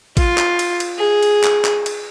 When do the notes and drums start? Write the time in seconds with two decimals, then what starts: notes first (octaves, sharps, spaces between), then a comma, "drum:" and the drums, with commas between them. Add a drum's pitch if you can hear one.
0.17 F4, drum: kick A1, cymbal
0.38 drum: clap
0.59 drum: cymbal
0.80 drum: cymbal
0.98 G#4
1.23 drum: cymbal
1.44 drum: clap
1.65 drum: clap
1.86 drum: cymbal